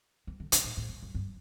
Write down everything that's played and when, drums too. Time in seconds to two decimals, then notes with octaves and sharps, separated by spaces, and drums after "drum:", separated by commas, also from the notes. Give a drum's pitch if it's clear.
0.27 E3
0.40 D3
0.52 C3, drum: hi-hat
0.64 A2
0.77 A2
0.89 F#2
1.03 F#2
1.15 G2